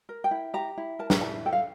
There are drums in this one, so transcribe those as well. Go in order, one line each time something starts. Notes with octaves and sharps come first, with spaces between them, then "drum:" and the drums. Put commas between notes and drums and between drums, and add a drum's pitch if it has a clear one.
A#4
G5
E4
G4 A#5
E4
A#4 A5
A#5, drum: snare
E4 A5
A4 G5
F5